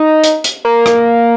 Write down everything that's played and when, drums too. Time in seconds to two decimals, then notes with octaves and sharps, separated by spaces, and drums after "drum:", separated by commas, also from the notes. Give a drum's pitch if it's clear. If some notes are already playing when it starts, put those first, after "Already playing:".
Already playing: D#4
0.24 drum: hi-hat
0.44 drum: hi-hat
0.65 A#3
0.86 drum: rim click